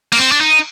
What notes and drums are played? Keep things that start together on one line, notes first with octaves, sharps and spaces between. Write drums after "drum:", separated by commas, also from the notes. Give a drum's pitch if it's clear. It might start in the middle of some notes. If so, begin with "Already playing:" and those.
A#3, drum: cymbal
C4
D4
D#4